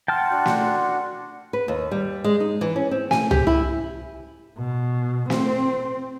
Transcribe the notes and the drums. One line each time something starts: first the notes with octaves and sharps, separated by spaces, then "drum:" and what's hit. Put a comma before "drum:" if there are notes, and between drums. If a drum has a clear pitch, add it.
F#5 G5 A5 C6 F6
D4 F#4
drum: snare
B4
D#2
G3
G#3
D#4
E3
C#4
C4
G#5, drum: snare
G4, drum: tom C2
E4
B2
C4, drum: snare